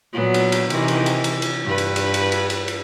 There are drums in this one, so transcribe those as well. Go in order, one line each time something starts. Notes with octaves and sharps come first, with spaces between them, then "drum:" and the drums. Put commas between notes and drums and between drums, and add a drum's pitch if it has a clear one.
A#2 F#3 B3
drum: cymbal
drum: cymbal
C3 D#3 E3, drum: cymbal
drum: cymbal
drum: cymbal
drum: cymbal
drum: cymbal
G2 B4
drum: cymbal
drum: cymbal
drum: cymbal
drum: cymbal
drum: cymbal
drum: cymbal